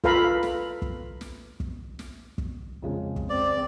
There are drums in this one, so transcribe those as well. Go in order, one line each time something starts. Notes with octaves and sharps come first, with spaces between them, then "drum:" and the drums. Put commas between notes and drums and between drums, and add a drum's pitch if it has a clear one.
F4 A4 B4 F5 A#5 B5, drum: kick
drum: snare
drum: kick
drum: snare
drum: kick
drum: snare
drum: kick
F2 C#3 G#3
drum: kick
C4 D5